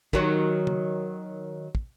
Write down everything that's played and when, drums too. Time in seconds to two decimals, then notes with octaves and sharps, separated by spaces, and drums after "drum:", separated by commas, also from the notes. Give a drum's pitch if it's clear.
0.13 D#3 F#3, drum: kick
0.67 drum: tom
1.75 drum: kick